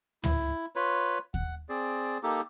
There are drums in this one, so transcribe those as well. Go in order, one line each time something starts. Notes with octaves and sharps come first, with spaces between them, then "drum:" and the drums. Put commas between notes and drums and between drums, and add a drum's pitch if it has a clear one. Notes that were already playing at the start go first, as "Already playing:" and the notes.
E4, drum: tom
F4 B4 C#5 B5
F#5, drum: kick D#2
C4 G#4 D5
A#3 D#4 G4 A4